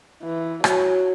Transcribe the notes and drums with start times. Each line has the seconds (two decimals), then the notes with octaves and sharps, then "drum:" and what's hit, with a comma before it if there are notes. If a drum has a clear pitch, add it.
0.22 E3
0.64 F#3, drum: rim click